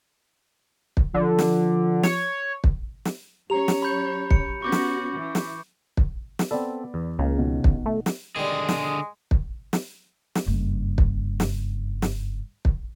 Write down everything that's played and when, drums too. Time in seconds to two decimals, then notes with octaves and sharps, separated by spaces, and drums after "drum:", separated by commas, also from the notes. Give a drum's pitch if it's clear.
0.97 drum: kick
1.14 D3 F3
1.39 drum: snare
2.03 C#5, drum: snare
2.64 drum: kick
3.05 drum: snare
3.50 F#3 C#4 G4 C#5 A#5 F7
3.68 drum: snare
3.82 B5 G6
4.31 C#7, drum: kick
4.62 B3 C#4 F#4 C#6 D6 G6
4.72 drum: snare
5.15 E3
5.35 drum: snare
5.97 drum: kick
6.39 drum: snare
6.51 B3 C4 A4 D5 B5
6.94 E2
7.19 C#2 C#3 A#3
7.38 B2 D#3
7.64 drum: kick
7.86 A3
8.06 drum: snare
8.36 D3 D#3 G3 G#3 G#4
8.69 drum: snare
9.31 drum: kick
9.73 drum: snare
10.35 drum: snare
10.46 F#1 G2
10.98 drum: kick
11.40 drum: snare
12.02 drum: snare
12.65 drum: kick